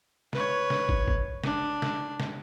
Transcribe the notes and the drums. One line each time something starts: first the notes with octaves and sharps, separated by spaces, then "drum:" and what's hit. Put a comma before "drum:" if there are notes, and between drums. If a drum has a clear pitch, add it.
B4 C#5, drum: snare
drum: snare
drum: kick
drum: kick
D4, drum: snare
drum: snare
drum: snare